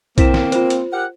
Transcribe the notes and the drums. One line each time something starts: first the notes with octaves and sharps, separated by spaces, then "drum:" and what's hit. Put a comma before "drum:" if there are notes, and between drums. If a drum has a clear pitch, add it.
A#3 C4 E4 B6 E7, drum: kick B1, hi-hat
drum: snare
F4 C5, drum: hi-hat
drum: hi-hat
G4 A#4 F#5